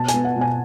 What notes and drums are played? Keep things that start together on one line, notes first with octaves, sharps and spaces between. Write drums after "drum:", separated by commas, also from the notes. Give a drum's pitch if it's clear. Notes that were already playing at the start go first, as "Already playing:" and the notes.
Already playing: B2 A5
G#5, drum: hi-hat
B3
F#5
B2
G#5